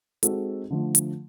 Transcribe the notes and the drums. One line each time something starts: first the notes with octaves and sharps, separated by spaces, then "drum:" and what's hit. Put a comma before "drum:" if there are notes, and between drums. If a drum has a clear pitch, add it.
G#3 C4 D#4 F#4 A4, drum: hi-hat
D3 F3 A3
drum: hi-hat